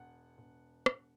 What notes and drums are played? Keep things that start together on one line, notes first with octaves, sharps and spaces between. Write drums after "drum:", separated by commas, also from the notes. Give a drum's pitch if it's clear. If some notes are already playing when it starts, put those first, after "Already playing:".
Already playing: E1 F#5
E1
E1, drum: rim click